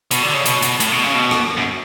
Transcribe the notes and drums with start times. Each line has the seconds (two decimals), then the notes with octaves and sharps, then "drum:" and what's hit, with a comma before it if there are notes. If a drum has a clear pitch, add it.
0.11 B2, drum: hi-hat
0.22 D3
0.34 C#3
0.46 B2, drum: hi-hat
0.62 B2, drum: hi-hat
0.80 A2, drum: hi-hat
0.92 B2
1.03 C#3
1.14 B2
1.31 drum: rim click
1.57 F#2